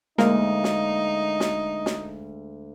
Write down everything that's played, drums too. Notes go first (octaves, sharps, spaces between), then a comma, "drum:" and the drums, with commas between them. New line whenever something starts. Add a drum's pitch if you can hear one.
D2 G#3 A#3 D#4 F5, drum: snare
drum: snare
drum: snare
drum: snare